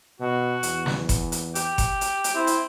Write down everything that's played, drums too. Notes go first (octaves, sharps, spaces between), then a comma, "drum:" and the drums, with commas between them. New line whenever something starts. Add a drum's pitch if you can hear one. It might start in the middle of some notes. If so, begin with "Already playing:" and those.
B2 F#4
E2, drum: hi-hat
drum: snare
drum: kick F#1, hi-hat
drum: hi-hat
G4, drum: hi-hat
drum: kick F#1, hi-hat
drum: hi-hat
drum: hi-hat
C4 E4
drum: hi-hat